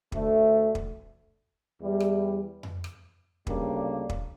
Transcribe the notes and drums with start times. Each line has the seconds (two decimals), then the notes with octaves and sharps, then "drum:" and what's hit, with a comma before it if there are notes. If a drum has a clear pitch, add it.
0.12 D2 D3 A3, drum: kick
0.75 drum: kick
1.80 E2 E3 G3
2.00 drum: rim click
2.63 drum: tom F2
2.84 drum: rim click
3.47 D2 C#3 G3 A#3 D4, drum: kick
4.09 drum: kick